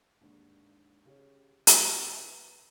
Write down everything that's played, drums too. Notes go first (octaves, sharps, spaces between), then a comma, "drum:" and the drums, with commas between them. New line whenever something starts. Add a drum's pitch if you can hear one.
D#2 G#2 D3
C#3 G4 C#5
D#1 B2 G3 B3 C#5, drum: hi-hat
B4